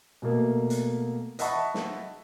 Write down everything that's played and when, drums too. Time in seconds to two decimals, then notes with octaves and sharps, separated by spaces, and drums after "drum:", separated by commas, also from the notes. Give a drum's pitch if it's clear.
0.22 B2 A3 A#3
0.70 drum: hi-hat
1.39 D#5 E5 F#5 A5 B5 C#6, drum: hi-hat
1.74 drum: snare